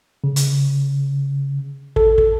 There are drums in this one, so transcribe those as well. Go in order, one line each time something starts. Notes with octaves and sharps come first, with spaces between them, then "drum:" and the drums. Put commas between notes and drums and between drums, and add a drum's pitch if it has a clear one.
C#3
drum: hi-hat
A4, drum: kick
drum: kick